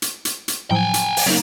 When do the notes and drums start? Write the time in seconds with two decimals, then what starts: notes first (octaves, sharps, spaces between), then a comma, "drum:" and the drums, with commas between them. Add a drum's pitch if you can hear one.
0.02 drum: hi-hat
0.25 drum: hi-hat
0.48 drum: hi-hat
0.71 A2 F3 F#3 G5 G#5
0.94 drum: hi-hat
1.17 drum: open hi-hat
1.26 C#3 F#3 A#3 B3 D#4